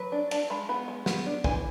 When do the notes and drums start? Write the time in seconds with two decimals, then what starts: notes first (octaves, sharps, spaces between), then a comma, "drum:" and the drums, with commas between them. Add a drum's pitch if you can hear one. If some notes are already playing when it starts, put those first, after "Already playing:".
Already playing: F#3 B4
0.12 D4
0.31 D4 A5, drum: cymbal
0.50 G#3 B5
0.69 B3 B5
0.88 G#3
1.06 B3, drum: snare
1.26 D4
1.44 E3 G#5, drum: kick